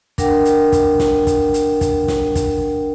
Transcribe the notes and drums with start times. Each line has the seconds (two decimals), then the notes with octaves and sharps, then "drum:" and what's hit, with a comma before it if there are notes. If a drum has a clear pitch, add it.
0.18 D4 A#4 F#5 G5, drum: kick, hi-hat
0.45 drum: hi-hat
0.72 drum: kick, hi-hat
1.00 drum: snare
1.27 drum: kick, hi-hat
1.54 drum: hi-hat
1.81 drum: kick, hi-hat
2.08 drum: snare
2.35 drum: kick, hi-hat